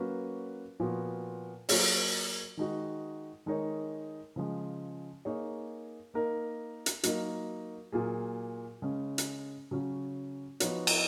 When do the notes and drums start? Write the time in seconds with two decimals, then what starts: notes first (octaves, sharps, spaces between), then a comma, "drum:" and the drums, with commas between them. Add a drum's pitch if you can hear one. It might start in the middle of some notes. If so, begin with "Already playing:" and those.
Already playing: F#3 A#3 C#4 F#4 B4
0.80 A#2 F3 B3 F#4
1.69 F#3 A#3 F4 G#4 C#5, drum: open hi-hat
2.57 D#3 G#3 D#4 F#4
3.46 D#3 G#3 D#4 A#4 C#5
4.36 C#3 F3 G#3
5.25 A#3 D#4 G#4 C#5
6.14 A#3 D#4 A#4
6.86 drum: hi-hat
7.03 F#3 A#3 D#4 A#4, drum: hi-hat
7.92 A#2 F#3 A#3 F4 G#4
8.82 C#3 G#3 C#4
9.18 drum: hi-hat
9.71 C#3 F#3 C#4
10.60 F3 B3 D#4 F#4 C#5, drum: hi-hat
10.87 drum: cymbal